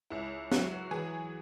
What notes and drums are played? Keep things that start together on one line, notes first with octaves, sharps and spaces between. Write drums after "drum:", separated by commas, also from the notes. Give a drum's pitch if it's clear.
C#2 E4
F#3 F#4, drum: snare
E3 G#4